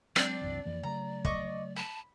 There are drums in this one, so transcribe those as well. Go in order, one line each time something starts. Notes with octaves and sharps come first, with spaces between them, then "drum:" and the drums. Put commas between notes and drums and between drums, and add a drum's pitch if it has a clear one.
F#3 G#3 C4 D4 D5, drum: rim click
C2 F#2 E3
F2 E3 A#3
C#3 F#3 A3 A#5
D#5 C#6 D6, drum: kick
A5 B5